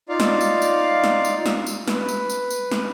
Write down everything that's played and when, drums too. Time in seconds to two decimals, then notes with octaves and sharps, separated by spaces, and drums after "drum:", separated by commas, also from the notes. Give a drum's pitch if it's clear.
0.09 D#4 F4 D5 F5
0.20 drum: snare
0.41 drum: tambourine
0.62 drum: tambourine
1.04 drum: snare
1.25 drum: tambourine
1.46 drum: snare
1.67 drum: tambourine
1.88 B4, drum: snare
2.09 drum: tambourine
2.30 drum: tambourine
2.50 drum: tambourine
2.71 drum: snare